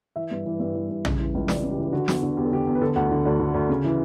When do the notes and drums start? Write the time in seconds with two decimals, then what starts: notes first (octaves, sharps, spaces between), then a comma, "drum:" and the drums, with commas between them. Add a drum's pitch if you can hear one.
0.16 E3 E5
0.31 G2
0.46 E3
0.60 G2 E5
0.75 E3
0.90 G2
1.05 C#3, drum: tom A#1
1.18 E3
1.34 C#2
1.48 C#2 D5, drum: snare
1.63 C#3
1.71 G4
1.78 E3
1.92 D3 F#4
2.08 E2, drum: snare
2.23 D3
2.37 E2 G4
2.45 A4
2.52 D3 G4
2.67 E2
2.75 B4
2.81 D3 A4
2.96 D2 F#5
3.11 D3
3.25 D2 D5
3.40 D3
3.54 D2
3.69 C#3
3.84 E3